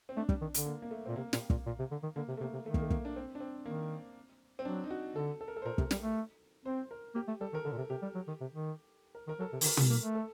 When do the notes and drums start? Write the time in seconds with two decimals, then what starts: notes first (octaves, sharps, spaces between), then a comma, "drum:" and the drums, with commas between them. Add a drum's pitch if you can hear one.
0.09 C4
0.17 A3 D4
0.29 G3, drum: kick
0.41 D#3
0.54 D3, drum: hi-hat
0.66 A#3
0.82 A#3
0.91 A3
1.06 A#2 C4
1.16 C3 A#3
1.33 A#2, drum: snare
1.50 A#2, drum: kick
1.66 A#2
1.79 C3
1.91 D3
2.03 D#3
2.16 D3 A#3
2.28 C3
2.37 A3
2.41 C3 A#3
2.53 C3
2.66 D#3 A3
2.74 A#3, drum: kick
2.82 A3
2.90 A#3, drum: kick
3.05 D4
3.16 C4
3.35 D4
3.40 C4
3.66 D#3 A#3
4.59 C4
4.65 F#3 D4
4.84 D#4
4.91 F#4
5.16 D3 A4
5.41 A4
5.48 A#4
5.56 A4
5.62 C5
5.65 A#2 A#4
5.78 C3, drum: kick
5.91 G3, drum: snare
6.02 A3
6.66 C4 C5
6.91 A#4
7.15 A#3 G4
7.28 A3
7.41 G3 A4
7.53 D#3 A#4
7.65 D3 A4
7.72 A#2
7.77 C3
7.90 C3 G4
8.02 G3
8.15 F#3
8.28 D#3
8.41 C3
8.53 D#3
9.15 A#4
9.27 D#3 A#4
9.39 F#3 A4
9.53 C3
9.61 D#3, drum: open hi-hat
9.65 D3 A#4
9.77 D3, drum: tom
9.90 A#3 A#4
10.03 A3
10.15 A4